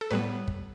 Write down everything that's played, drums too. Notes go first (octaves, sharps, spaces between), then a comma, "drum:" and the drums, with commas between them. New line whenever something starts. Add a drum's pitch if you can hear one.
A4
A2 G3 B3 B4
drum: kick